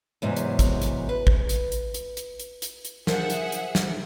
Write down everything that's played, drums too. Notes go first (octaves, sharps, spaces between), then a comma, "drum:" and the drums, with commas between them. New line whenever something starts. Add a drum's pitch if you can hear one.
E2 G#2 C3 F#3
drum: hi-hat
drum: kick A1, hi-hat
drum: hi-hat
B4
drum: kick A1
drum: hi-hat
drum: hi-hat
drum: hi-hat
drum: hi-hat
drum: hi-hat
drum: hi-hat
drum: hi-hat
F3 G#4 A#4 E5 F#5, drum: snare
drum: hi-hat
drum: hi-hat
drum: snare